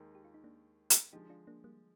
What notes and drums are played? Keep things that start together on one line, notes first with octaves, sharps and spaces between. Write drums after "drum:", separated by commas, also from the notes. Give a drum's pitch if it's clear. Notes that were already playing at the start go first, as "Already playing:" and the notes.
Already playing: D#2 D#3 G#3 D#4
G4
F4
D#4
A#3 D4
drum: hi-hat
D3 F3 G#3 D#4 G4
D4 F4
A#3 D4
G3 A#3